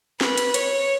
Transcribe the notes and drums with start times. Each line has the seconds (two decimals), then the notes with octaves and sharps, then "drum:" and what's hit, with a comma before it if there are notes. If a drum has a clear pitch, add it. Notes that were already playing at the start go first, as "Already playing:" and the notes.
0.21 B4, drum: snare
0.38 drum: hi-hat
0.54 C#5, drum: hi-hat